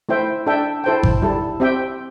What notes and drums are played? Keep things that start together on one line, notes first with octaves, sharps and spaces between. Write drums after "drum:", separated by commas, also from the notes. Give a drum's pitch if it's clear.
A3 E4 C5 E5 G5
D4 A4 E5 G5
E4 A4 C5 G5
drum: kick G#1
G3 E4 A4
C4 G4 E5 G5